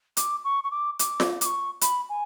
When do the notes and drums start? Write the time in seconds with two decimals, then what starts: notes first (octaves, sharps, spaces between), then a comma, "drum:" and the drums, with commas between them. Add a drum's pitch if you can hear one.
0.17 D6, drum: hi-hat
0.44 C#6
0.64 C#6
0.71 D6
0.99 D6, drum: hi-hat
1.20 drum: snare F4
1.41 D6, drum: hi-hat
1.46 C#6
1.81 B5, drum: hi-hat
2.09 G#5